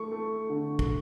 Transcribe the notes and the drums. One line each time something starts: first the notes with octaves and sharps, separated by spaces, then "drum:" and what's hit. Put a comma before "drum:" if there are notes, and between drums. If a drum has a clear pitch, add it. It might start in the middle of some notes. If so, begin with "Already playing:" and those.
Already playing: A3 C#6
A3
D3
drum: kick